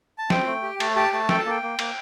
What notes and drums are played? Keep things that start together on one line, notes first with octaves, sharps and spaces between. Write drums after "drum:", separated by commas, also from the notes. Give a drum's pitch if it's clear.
A5
C4 G5, drum: snare
A3
G4
A3 A5, drum: cymbal
G4 A5
A3 A5
A4 G5, drum: snare
A5
A#3 G5
A#3
A#3, drum: cymbal